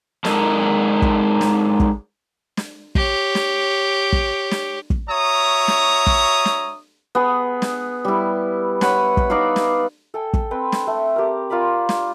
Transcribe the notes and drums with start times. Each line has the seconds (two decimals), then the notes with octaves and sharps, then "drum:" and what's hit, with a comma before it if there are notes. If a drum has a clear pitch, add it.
0.25 G#3 D4 D#4 A4 A#4 D#5, drum: snare
1.02 drum: kick
1.41 drum: snare
1.80 drum: kick
2.57 drum: snare
2.95 G4 C#5, drum: kick
3.35 drum: snare
4.13 drum: kick
4.51 drum: snare
4.90 drum: kick
5.09 F#4 C#5 E5 A#5 C#6 D#6
5.68 drum: snare
6.07 drum: kick
6.45 drum: snare
7.15 B3 G#4
7.62 drum: snare
8.05 G3 E4
8.81 B4 C#5 F#5 B5, drum: snare
9.17 drum: kick
9.30 D#4 D5 E5 F5
9.56 drum: snare
10.14 A4 G5 G#5
10.34 drum: kick
10.51 C4 B4 G5
10.72 drum: snare
10.87 A3
11.16 G4 A#4
11.50 F4 A#4 D5 B5
11.89 drum: snare